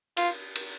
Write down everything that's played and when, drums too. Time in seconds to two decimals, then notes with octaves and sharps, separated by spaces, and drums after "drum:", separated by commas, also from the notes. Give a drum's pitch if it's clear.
0.17 F4, drum: cymbal
0.56 drum: cymbal